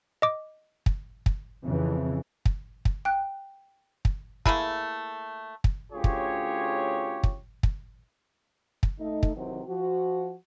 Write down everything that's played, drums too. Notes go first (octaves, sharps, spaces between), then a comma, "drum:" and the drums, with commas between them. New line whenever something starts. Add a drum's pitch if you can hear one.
D#5 D6
drum: kick
drum: kick
F2 C#3 E3
drum: kick
drum: kick
G5 F#6
drum: kick
A3 A#3 E4 G#4, drum: kick
drum: kick
D2 C#4 F4 G4 G#4 C#5
drum: kick
drum: kick
drum: kick
drum: kick
A3 D#4
drum: kick
C3 D#3 E3 F#3 C4
F3 F#4